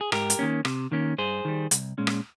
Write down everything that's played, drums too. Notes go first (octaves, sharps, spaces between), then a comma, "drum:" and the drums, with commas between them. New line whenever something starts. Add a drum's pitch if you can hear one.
G#4
G#2 G4 A#4, drum: rim click
drum: hi-hat
D#3 A#3 C#4
C3, drum: rim click
D#3 A#3 C#4
G2 G#4 C5
D#3 G3
C2, drum: hi-hat
A#2 G#3 C#4
drum: rim click